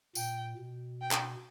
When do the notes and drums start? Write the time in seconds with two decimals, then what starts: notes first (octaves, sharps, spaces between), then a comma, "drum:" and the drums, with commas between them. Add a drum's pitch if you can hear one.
0.15 A#2 G5, drum: tambourine
0.58 B2
1.02 G5
1.11 drum: clap